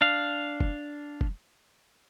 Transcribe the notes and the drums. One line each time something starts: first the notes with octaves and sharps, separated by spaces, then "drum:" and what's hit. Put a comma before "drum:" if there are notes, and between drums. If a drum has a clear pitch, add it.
D4 F5
drum: kick
drum: kick